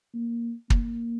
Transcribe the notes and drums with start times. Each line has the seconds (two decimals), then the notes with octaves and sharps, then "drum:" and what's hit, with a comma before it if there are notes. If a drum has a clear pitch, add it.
0.14 A#3
0.70 A#3, drum: kick